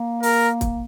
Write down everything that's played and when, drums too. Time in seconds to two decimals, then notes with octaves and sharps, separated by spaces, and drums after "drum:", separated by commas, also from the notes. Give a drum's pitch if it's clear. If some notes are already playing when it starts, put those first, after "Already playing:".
Already playing: A#3
0.23 A#4, drum: open hi-hat
0.61 drum: kick, hi-hat